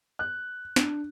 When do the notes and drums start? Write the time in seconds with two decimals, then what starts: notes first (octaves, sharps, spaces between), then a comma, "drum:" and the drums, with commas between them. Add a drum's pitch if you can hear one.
0.19 F#6
0.76 D4, drum: snare